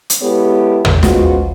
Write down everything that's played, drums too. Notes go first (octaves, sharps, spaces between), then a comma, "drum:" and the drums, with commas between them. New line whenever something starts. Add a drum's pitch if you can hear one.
drum: hi-hat
G#3 B3 E4 G4 A4 C#5
drum: tom
F3 G#3 B3 C#4 F4 F#4, drum: snare